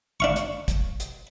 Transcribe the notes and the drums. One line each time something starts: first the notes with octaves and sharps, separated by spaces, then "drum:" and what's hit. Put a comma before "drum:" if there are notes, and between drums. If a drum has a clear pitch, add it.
D4 F5 C#6
drum: hi-hat
drum: kick, hi-hat
drum: hi-hat